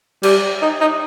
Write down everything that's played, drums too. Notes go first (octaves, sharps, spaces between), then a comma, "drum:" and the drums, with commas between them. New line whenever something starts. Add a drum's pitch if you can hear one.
G3, drum: cymbal
D#4
D#4